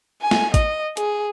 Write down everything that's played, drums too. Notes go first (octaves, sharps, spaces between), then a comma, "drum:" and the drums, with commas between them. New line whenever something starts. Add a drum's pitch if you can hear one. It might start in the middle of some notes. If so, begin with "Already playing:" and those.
G#5
drum: snare
D#5, drum: kick, hi-hat
G#4, drum: hi-hat